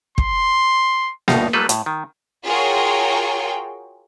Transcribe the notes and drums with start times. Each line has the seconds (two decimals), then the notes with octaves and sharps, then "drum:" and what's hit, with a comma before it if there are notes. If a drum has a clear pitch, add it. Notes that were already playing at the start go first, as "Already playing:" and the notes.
0.18 C6, drum: kick
1.28 D2 G2 B2 D#4 F5 A#5, drum: snare A#3
1.53 F#3 G3 A3 F4 A4 B4
1.69 A2, drum: hi-hat
1.86 D#3
2.45 F4 F#4 G#4 A#4 C#5 G5